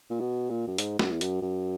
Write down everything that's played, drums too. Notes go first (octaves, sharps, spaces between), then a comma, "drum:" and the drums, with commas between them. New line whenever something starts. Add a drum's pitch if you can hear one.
A#2
B2
A#2
F#2
G#2, drum: hi-hat
F#2, drum: snare
E2
F#2, drum: hi-hat
F#2